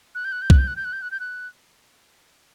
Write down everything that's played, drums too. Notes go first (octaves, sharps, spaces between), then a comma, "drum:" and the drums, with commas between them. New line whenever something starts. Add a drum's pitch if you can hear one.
F#6
G6
F#6
G6
F#6, drum: kick
G6
F#6
G6
F#6
G6
F#6
G6
F#6